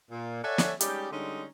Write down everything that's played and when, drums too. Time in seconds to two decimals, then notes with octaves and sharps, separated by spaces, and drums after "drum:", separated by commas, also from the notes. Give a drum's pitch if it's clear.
0.11 A#2
0.44 A4 C#5 D5 E5 F#5 G#5
0.58 drum: snare
0.81 G3 G#3 C#4 D#4 G4, drum: hi-hat
1.12 D3 G3 G#3 C#4 D#4